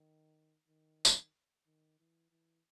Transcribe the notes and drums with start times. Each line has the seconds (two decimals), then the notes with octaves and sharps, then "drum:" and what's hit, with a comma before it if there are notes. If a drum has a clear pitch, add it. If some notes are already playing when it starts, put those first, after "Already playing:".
Already playing: D#3
0.68 D#3
1.05 drum: tambourine
1.66 D#3
2.00 E3
2.31 E3